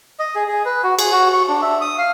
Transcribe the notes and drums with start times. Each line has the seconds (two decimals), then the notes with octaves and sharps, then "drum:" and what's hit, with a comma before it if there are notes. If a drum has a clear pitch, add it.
0.19 D#5
0.35 G#4
0.48 G#4
0.65 B4
0.84 F#4
0.99 G#4, drum: cymbal
1.12 F#4
1.33 C#6
1.48 D4
1.62 E5
1.81 D#6
1.98 F5